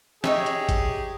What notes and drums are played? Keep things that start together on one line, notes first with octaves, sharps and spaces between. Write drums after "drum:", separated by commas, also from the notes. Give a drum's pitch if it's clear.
D#4 G4 G#4 C#5 E5, drum: snare
drum: hi-hat
drum: kick G#1, hi-hat